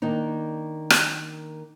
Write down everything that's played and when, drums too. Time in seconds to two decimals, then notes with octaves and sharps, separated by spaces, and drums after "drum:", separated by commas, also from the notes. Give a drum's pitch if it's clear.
0.02 D#3 A#3 D4 D#4
0.90 drum: rim click